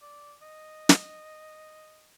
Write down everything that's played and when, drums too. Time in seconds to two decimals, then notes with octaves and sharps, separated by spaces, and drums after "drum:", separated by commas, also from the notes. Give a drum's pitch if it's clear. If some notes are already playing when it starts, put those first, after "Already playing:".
0.02 D5
0.42 D#5
0.89 drum: snare